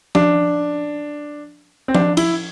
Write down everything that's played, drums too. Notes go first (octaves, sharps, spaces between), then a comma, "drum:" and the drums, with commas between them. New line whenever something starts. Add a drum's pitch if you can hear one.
D4, drum: tom F3
C4
D4, drum: tom F3
E4, drum: cymbal